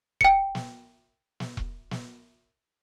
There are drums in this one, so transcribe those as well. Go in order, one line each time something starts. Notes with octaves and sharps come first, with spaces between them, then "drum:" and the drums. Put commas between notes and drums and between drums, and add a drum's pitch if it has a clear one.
G5 C#7, drum: kick E1
drum: snare
drum: snare
drum: kick E1
drum: snare